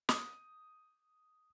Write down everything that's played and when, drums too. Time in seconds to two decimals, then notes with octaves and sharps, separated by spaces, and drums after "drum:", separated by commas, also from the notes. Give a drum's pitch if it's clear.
0.09 D#6, drum: snare